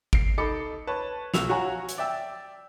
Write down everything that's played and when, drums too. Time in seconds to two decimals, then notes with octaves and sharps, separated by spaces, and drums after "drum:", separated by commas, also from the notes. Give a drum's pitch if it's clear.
0.13 C7 D7, drum: kick G#1
0.38 D#4 A4 B5 D6 C#7
0.87 B4 C#5 A5
1.34 B1 F#4 E6 E7 F7, drum: snare
1.49 F4 F#4 C#5 F#5 G#5 A#5
1.89 drum: hi-hat
1.98 D5 E5 G5 E6